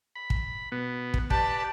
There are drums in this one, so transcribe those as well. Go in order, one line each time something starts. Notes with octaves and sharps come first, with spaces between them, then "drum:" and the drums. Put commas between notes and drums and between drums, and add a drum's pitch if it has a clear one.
B5
drum: kick
B2 B3
drum: kick
G4 B4 D5 A5, drum: kick